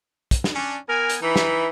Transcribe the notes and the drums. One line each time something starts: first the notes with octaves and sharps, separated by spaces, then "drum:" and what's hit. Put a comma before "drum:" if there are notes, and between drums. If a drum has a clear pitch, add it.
drum: kick, hi-hat
drum: snare
C#4 D4
B3 A#4 G#5
drum: hi-hat
E3 D#4 E5 B5
drum: snare